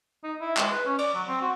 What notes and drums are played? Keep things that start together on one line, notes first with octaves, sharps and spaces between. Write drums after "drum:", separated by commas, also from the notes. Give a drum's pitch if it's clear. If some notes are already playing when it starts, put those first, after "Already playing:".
D#4
E4
G#3, drum: clap
B4
C#4
D5, drum: cymbal
F#3
C4
F#4